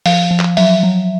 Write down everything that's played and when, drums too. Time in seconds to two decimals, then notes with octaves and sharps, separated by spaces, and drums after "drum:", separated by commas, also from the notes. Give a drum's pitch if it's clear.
0.06 F3 F5, drum: open hi-hat
0.31 F3
0.40 drum: clap
0.57 F#3 E5, drum: open hi-hat
0.83 F#3